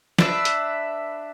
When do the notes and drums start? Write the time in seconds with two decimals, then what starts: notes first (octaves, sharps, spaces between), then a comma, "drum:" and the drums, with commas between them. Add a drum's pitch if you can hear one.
0.19 D4 B4 E5, drum: snare
0.45 drum: hi-hat